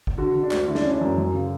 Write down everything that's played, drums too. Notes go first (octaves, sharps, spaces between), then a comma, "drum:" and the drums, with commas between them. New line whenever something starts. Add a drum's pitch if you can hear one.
drum: kick
D3 F#4
D3
D4
D2, drum: clap
D3 E4
D4, drum: snare
D3 C#4
D4
F#2
F#2
C#3